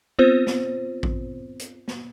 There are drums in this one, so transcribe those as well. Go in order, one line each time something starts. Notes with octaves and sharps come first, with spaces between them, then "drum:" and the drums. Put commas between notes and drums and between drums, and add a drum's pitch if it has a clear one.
B3 C4 F4 C5
drum: snare
drum: kick A1
drum: hi-hat
drum: snare